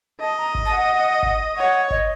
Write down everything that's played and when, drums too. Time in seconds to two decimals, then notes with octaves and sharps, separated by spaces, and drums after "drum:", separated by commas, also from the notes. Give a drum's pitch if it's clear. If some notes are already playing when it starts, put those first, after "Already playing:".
0.21 D#5 A5
0.38 A#5
0.55 drum: kick G#1
0.66 A5
0.72 F#5
1.23 drum: kick G#1
1.57 C#5 F#5
1.91 D#5, drum: kick G#1